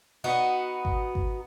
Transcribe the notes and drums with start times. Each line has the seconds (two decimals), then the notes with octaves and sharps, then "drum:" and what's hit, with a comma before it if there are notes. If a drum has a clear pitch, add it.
0.24 B3 D#4 F#4
0.85 drum: kick G#1
1.15 drum: kick G#1